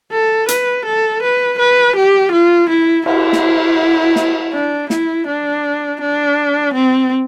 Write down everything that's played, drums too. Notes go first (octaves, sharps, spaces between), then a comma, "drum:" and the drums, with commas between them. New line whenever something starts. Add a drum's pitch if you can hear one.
A4
B4, drum: hi-hat
A4
B4
B4
G4
F4
E4
E4, drum: cymbal
drum: snare
drum: snare
D4
E4, drum: snare
D4
D4
C4